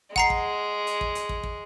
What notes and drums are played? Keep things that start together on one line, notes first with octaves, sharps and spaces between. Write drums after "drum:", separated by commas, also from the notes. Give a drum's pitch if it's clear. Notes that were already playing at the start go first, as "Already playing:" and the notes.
G#3 F#5 A#5 C7, drum: kick
drum: kick
drum: hi-hat
drum: kick
drum: hi-hat
drum: kick
drum: kick